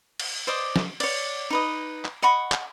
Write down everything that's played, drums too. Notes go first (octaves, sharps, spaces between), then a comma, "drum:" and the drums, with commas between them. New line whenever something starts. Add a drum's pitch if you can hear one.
drum: cymbal
C5 D5 D#5 D6
drum: snare
C#5 D5, drum: cymbal
D#4 B4 D#5
drum: clap
D#5 F#5 B5 C#6
drum: clap